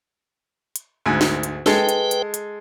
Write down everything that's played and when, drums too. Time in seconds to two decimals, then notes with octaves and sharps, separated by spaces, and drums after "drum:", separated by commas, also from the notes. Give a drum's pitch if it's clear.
0.76 drum: hi-hat
1.06 D2 G#2 G#5
1.21 drum: snare
1.43 drum: hi-hat
1.66 G#3 A4 B4 G5, drum: snare
1.89 drum: hi-hat
2.11 drum: hi-hat
2.34 drum: hi-hat